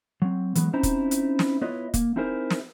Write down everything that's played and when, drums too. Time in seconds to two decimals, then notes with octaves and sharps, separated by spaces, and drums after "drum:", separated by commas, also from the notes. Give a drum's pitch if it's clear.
0.22 F#3 C4
0.55 E3 F#3 G#3 B3, drum: hi-hat
0.73 C4 C#4 D#4 E4 C5 A#5
0.83 drum: kick, hi-hat
1.11 drum: hi-hat
1.39 drum: snare
1.61 B3 E4 F4 B4 C#5 D#5
1.94 A#3, drum: kick, hi-hat
2.16 C4 D#4 E4 G#4 A#4 C5
2.50 drum: snare